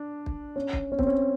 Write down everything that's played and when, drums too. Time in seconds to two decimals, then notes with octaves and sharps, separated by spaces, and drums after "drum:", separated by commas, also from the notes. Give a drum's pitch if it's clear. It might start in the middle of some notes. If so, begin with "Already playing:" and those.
Already playing: D4
0.26 drum: kick
0.56 C#4
0.73 drum: kick
0.92 C#4
0.99 C4, drum: kick
1.07 C#4